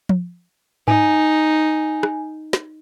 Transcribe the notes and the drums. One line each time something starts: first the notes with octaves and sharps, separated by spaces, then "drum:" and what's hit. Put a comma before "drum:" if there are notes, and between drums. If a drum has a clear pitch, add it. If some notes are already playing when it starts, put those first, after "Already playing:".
drum: tom F3
D#4 G#5, drum: tom G#2
drum: rim click
drum: snare